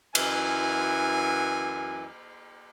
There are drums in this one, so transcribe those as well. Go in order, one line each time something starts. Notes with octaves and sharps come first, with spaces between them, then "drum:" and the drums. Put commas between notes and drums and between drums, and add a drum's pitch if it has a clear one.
F#2 E3 E4 G#5, drum: cymbal